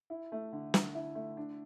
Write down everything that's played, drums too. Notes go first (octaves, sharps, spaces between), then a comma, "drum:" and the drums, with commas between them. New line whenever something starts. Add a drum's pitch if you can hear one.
E4
A3
D3
D3, drum: snare
E4
A3
D4